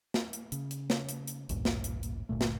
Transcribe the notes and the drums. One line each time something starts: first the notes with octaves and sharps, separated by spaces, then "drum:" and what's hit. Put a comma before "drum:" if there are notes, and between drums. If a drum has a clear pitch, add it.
drum: snare
drum: hi-hat
C#3, drum: hi-hat
drum: hi-hat
drum: snare
drum: hi-hat
drum: hi-hat
A1 D2 G2 A#2, drum: hi-hat
drum: snare
drum: hi-hat
drum: hi-hat
G1 D2 A#2 A3
drum: snare